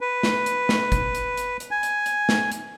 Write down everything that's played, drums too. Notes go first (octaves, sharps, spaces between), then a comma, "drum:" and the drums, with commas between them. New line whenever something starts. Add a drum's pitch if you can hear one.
B4
drum: snare
drum: hi-hat
drum: snare
drum: kick G1, hi-hat
drum: hi-hat
drum: hi-hat
drum: hi-hat
G#5
drum: hi-hat
drum: hi-hat
drum: snare
drum: hi-hat